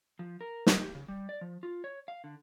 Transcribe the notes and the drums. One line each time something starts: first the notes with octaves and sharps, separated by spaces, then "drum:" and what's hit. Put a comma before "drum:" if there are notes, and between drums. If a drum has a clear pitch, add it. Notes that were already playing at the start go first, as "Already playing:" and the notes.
F3
A#4
D#4, drum: snare
G4
C#3
G3
D5
F3
F4
C#5
F5
D3